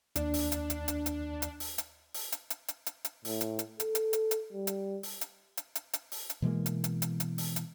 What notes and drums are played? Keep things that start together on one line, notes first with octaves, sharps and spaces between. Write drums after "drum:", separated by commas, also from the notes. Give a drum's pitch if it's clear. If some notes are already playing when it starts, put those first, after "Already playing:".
D#2 D4 D5, drum: hi-hat
drum: open hi-hat
drum: hi-hat
drum: hi-hat
drum: hi-hat
drum: hi-hat
drum: hi-hat
drum: open hi-hat
drum: hi-hat
drum: open hi-hat
drum: hi-hat
drum: hi-hat
drum: hi-hat
drum: hi-hat
drum: hi-hat
A2, drum: open hi-hat
drum: hi-hat
drum: hi-hat
A4, drum: hi-hat
drum: hi-hat
drum: hi-hat
drum: hi-hat
G3
drum: hi-hat
drum: open hi-hat
drum: hi-hat
drum: hi-hat
drum: hi-hat
drum: hi-hat
drum: open hi-hat
drum: hi-hat
B2 E3 G#3 A#3
drum: hi-hat
drum: hi-hat
drum: hi-hat
drum: hi-hat
drum: open hi-hat
drum: hi-hat